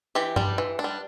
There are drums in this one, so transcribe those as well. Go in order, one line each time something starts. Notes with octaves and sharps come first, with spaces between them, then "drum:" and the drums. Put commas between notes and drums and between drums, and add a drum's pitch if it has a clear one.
E3 G4
G3 D4, drum: tom G2
E3
D4
G3